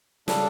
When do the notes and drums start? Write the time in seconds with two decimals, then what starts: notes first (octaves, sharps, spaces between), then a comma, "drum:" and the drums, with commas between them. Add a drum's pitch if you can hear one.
0.28 C#3 G3 D4 A4, drum: snare